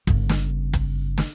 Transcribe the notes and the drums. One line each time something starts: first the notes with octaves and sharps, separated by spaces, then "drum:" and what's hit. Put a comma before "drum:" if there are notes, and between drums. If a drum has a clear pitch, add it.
G1 C#3, drum: kick
drum: snare
drum: kick, hi-hat
drum: snare